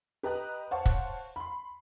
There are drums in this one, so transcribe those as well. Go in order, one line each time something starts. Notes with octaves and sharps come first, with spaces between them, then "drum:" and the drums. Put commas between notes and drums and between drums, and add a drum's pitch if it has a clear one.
G4 B4 D#5 A#5 F#6
C5 C#5 F5 F#5 A5 C#6
drum: kick
B5 C6